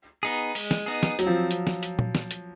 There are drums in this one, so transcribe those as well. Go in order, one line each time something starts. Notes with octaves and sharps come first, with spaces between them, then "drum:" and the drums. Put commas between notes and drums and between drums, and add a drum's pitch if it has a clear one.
B3 D#4 G#4
G#3, drum: open hi-hat
drum: snare
B3 D#4 G#4
drum: snare
F#3 C4, drum: hi-hat
F3
drum: hi-hat
drum: snare
drum: hi-hat
drum: tom A#2
drum: snare
drum: hi-hat